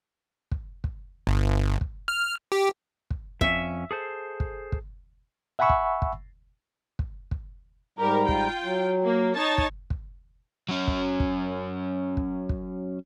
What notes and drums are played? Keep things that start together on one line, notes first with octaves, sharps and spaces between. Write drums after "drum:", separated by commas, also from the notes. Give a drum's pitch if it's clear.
drum: kick
drum: kick
G1
drum: kick
F6
G4
drum: kick
F2 C#4 E5, drum: kick
G#4 A4 C5
drum: kick
drum: kick
E5 F#5 G#5 B5 C#6 E6
drum: kick
drum: kick
drum: kick
drum: kick
G#2 G3 G4 A#4 A#5
F4 G5, drum: kick
F#3
A#3
D#4 C#5 A5
drum: kick
drum: kick
F#3 C#4
drum: kick
drum: kick
drum: kick
drum: kick